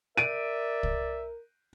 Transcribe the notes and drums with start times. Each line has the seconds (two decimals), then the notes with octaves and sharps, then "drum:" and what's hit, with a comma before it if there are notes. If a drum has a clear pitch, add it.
0.17 A#4 D5 E5 D7 D#7
0.83 drum: kick C2